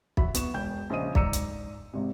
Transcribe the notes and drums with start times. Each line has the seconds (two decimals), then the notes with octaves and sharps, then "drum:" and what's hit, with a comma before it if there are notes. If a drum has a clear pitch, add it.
0.17 F#4 E5 B5, drum: kick
0.35 B3 C#6 E7, drum: hi-hat
0.54 E1 G5 G6
0.90 A#1 C#3 C5 D#5 D#6 D#7
1.15 G#2 D5 A#5 E6 C#7 D#7, drum: kick
1.33 drum: hi-hat
1.93 G#1 G#2 C3